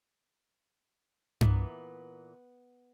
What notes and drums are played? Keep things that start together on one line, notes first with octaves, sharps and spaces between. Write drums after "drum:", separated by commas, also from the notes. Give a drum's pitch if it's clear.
A#2 E3 B3, drum: tom G2